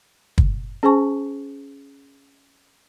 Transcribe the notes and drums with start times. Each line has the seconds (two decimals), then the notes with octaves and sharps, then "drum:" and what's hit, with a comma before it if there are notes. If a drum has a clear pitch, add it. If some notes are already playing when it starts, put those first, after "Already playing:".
0.38 drum: kick
0.83 C#4 G#4 C5 G#5 A5 C#6